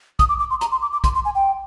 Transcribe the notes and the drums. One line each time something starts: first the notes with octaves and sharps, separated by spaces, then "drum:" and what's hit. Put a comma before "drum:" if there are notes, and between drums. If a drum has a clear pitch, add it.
D#6, drum: kick, hi-hat
D6
D6
C6
A#5, drum: hi-hat
C6
D6
D6
C6, drum: kick, hi-hat
C6
G#5
G5